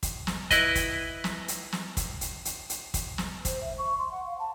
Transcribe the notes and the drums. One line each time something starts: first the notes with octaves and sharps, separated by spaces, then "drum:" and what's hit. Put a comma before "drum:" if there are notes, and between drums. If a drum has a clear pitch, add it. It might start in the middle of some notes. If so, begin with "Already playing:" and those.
drum: kick, hi-hat
drum: snare
E4 B4 D#5, drum: kick, hi-hat
drum: kick, hi-hat
drum: snare
drum: hi-hat
drum: snare
drum: kick, hi-hat
drum: hi-hat
drum: hi-hat
drum: hi-hat
drum: kick, hi-hat
drum: snare
C5, drum: kick, hi-hat
E5
C#6
C6
F#5
F5
A5